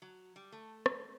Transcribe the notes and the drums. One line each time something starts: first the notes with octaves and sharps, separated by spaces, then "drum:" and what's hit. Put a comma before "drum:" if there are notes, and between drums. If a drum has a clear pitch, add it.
F#3
G3
A3
drum: rim click